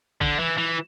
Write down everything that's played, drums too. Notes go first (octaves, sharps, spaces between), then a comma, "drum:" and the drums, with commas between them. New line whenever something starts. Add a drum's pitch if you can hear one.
D3, drum: kick
E3
E3